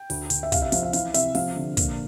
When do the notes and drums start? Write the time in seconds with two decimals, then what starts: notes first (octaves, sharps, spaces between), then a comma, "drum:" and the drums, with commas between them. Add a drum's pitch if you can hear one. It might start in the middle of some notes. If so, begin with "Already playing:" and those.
Already playing: G5
0.10 D2, drum: open hi-hat
0.30 D2, drum: hi-hat
0.43 E5
0.52 C2 F5, drum: kick, hi-hat
0.62 E5
0.72 F3 F5, drum: hi-hat
0.83 F5
0.93 E3 F5, drum: hi-hat
1.14 C3 E5, drum: hi-hat
1.35 F3 F5, drum: open hi-hat
1.56 D3
1.77 A#2, drum: kick, hi-hat